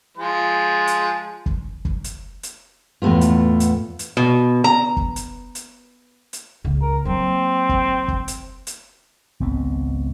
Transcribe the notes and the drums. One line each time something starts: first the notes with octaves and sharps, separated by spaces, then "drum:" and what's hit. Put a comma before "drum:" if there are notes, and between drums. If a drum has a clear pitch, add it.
F3 G#3 C5
drum: hi-hat
drum: kick
drum: kick
drum: hi-hat
drum: hi-hat
E2 A2 A3 B3 F4
drum: hi-hat
drum: hi-hat
drum: hi-hat
B2
A#5
drum: kick
drum: hi-hat
drum: hi-hat
drum: hi-hat
C#2 C#3
A#4
F#3 A#3 C4
drum: kick
drum: kick
drum: hi-hat
drum: hi-hat
G#1 C#2 B3 C4